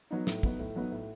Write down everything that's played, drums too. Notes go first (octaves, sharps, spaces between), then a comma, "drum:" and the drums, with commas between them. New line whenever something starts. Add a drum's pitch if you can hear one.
F#3 B3 D#4
A2, drum: snare
F#3 B3 D#4, drum: kick
A2
F#3 B3 D#4
A2